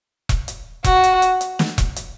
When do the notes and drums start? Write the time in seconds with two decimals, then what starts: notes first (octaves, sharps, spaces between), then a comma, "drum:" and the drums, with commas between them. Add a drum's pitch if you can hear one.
0.29 drum: kick E1, hi-hat
0.48 drum: hi-hat
0.84 F#4, drum: kick E1, hi-hat
1.03 drum: hi-hat
1.22 drum: hi-hat
1.41 drum: hi-hat
1.59 drum: snare
1.78 drum: kick E1, hi-hat
1.96 drum: hi-hat